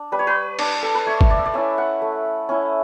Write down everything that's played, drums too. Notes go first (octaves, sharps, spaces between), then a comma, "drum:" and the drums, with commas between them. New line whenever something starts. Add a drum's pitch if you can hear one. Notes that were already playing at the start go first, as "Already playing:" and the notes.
Already playing: D4
G3 B4
C#5
B4
D4, drum: cymbal
A4
B4
A3 C#5
drum: kick
D5
E5
D5
C#4 E4 E5
F#5
A3
C#4 E4